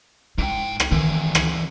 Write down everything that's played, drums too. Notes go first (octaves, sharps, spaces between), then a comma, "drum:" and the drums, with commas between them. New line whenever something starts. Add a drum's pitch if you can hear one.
G#2 E4 G5
drum: rim click
D#3 E3 C4
drum: rim click